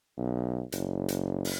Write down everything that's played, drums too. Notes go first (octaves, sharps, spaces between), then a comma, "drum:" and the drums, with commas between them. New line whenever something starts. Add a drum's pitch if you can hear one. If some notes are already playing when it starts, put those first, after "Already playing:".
B1
F#1, drum: hi-hat
drum: hi-hat
drum: open hi-hat